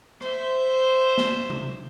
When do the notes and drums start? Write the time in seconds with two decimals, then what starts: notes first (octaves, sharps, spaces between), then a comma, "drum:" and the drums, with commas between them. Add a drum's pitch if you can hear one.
0.21 C5 E5, drum: rim click
1.18 drum: snare
1.50 drum: tom C3